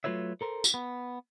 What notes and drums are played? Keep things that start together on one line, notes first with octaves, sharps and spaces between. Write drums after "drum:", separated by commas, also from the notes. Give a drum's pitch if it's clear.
F#3 A3 F4 B4 C#5 E5
A4 A#4 C5
drum: tambourine
B3